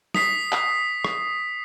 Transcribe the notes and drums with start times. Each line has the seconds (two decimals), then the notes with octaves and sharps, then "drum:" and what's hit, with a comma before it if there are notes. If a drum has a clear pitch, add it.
0.14 D#6 B6 C7, drum: snare
0.52 drum: clap
1.04 drum: rim click